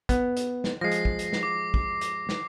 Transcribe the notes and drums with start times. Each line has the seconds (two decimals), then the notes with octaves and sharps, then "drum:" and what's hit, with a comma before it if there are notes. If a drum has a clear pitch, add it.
0.09 B3, drum: kick, hi-hat
0.37 drum: hi-hat
0.64 drum: snare
0.81 F3 G#3 A#6 C7
0.92 drum: hi-hat
1.05 drum: kick
1.19 drum: hi-hat
1.33 drum: snare
1.43 D6
1.74 drum: kick
2.01 drum: hi-hat
2.29 drum: snare